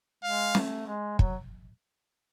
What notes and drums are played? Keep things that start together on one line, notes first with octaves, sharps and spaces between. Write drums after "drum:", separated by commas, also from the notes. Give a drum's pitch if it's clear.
G#3 F5
A3, drum: snare
G#3
F#3, drum: kick